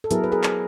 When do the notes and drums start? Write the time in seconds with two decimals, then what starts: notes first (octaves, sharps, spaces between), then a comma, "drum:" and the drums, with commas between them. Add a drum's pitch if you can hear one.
0.04 A4
0.11 F#3 B3 E4 G#4 A#4, drum: hi-hat
0.24 B4
0.32 G#4 A#4
0.44 drum: clap